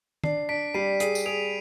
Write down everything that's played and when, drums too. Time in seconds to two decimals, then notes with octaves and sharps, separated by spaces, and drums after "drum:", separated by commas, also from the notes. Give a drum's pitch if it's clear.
0.24 D4 C7, drum: tom
0.49 D4 B6 D7
0.74 G3 C7 D#7
1.00 G#4 C7 D#7, drum: hi-hat
1.15 drum: tambourine
1.26 G#4 D7 F7